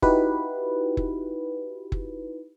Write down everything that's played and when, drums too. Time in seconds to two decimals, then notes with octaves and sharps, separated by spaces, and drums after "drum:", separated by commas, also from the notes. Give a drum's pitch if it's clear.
0.02 D#4 E4 F#4 G4 B4, drum: kick
0.97 drum: kick
1.92 drum: kick